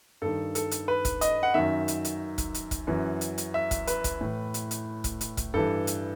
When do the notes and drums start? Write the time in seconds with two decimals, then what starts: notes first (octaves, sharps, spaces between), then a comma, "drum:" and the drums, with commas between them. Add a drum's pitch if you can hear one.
0.22 G2 D#3 A4
0.55 A4, drum: hi-hat
0.71 drum: hi-hat
0.88 B4
1.05 drum: kick, hi-hat
1.21 D#5, drum: hi-hat
1.43 F#5
1.54 F#2 D#3 E5
1.88 drum: hi-hat
2.05 drum: hi-hat
2.38 drum: kick, hi-hat
2.54 drum: hi-hat
2.71 drum: kick, hi-hat
2.87 F#2 E3
3.21 drum: hi-hat
3.38 drum: hi-hat
3.54 E5
3.71 drum: kick, hi-hat
3.87 B4, drum: hi-hat
4.04 drum: kick, hi-hat
4.21 A2 E3
4.54 drum: hi-hat
4.71 drum: hi-hat
5.04 drum: kick, hi-hat
5.21 drum: hi-hat
5.37 drum: kick, hi-hat
5.54 G2 E3 A4
5.87 drum: hi-hat